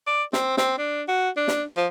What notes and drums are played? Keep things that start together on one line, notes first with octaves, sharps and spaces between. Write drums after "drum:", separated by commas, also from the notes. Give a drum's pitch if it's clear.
D5
C4, drum: snare
C4, drum: snare
D4
F#4
D4
drum: snare
F3